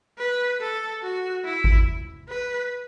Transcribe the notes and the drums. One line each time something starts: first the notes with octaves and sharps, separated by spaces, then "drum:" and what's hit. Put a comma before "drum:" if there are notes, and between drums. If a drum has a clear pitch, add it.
B4
A4
F#4
E4
drum: kick G#1
B4